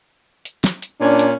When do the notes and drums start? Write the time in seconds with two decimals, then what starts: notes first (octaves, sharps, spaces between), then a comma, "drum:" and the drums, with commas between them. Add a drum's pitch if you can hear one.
0.45 drum: hi-hat
0.64 drum: snare
0.82 drum: hi-hat
1.01 A#2 C#4 D4
1.19 drum: hi-hat